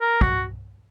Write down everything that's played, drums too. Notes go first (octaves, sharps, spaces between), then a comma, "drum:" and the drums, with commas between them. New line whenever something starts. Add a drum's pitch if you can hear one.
A#4
F#4, drum: kick